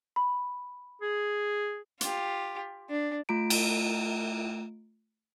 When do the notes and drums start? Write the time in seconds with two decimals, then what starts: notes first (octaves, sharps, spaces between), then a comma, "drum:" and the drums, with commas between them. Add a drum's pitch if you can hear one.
0.16 B5
1.02 G#4
2.01 F4 G4, drum: hi-hat
2.90 D4
3.29 A3 F4 A#5 D7
3.50 drum: cymbal